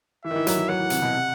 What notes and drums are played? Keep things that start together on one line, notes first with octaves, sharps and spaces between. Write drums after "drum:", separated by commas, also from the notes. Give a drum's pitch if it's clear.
E3 E5
D#3
E3
F#3, drum: hi-hat
E3
F#3 F#5
E3
C3, drum: hi-hat
B2
C3